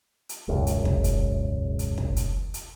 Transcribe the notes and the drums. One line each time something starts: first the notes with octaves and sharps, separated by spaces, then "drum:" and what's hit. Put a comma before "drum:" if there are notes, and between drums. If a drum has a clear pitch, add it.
drum: hi-hat
E1 C#2 F#2
drum: hi-hat
drum: kick
drum: hi-hat
drum: hi-hat
drum: kick
drum: hi-hat
drum: hi-hat